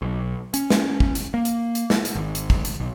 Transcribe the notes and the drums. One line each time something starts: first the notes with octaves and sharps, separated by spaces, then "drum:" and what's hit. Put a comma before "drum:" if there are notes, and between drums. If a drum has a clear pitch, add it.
B1
C#4, drum: hi-hat
drum: snare
drum: kick
drum: hi-hat
A#3
drum: hi-hat
drum: hi-hat
drum: snare
drum: hi-hat
G#1
drum: hi-hat
drum: kick
drum: hi-hat
B1